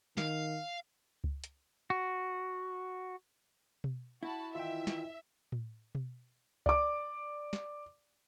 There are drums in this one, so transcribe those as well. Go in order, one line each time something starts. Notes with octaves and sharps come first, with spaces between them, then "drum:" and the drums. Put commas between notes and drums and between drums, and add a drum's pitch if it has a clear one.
D#3 F5, drum: snare
drum: kick C#2
drum: hi-hat
F#4
drum: tom B2
E4 F#4 A5 B5
D#3 E3 F4 E5 G5
drum: snare
drum: tom A2
drum: tom B2
D5 D6, drum: kick C#2
drum: snare